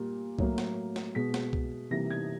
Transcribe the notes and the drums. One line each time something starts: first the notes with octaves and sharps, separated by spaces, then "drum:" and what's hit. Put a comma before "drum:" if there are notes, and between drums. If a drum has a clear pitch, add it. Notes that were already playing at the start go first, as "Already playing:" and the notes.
Already playing: A#2 G3 A#3
A2 F#3 A#3, drum: kick C2
drum: snare
drum: snare
B2 G#3 B6
drum: snare
drum: kick C2
C3 E3 G3 A#3 A#6
G#6